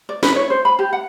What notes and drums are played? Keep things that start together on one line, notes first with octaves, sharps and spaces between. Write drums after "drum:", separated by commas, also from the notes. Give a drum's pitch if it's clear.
D5
B4, drum: snare
C#5
C5
B5
G4
F#5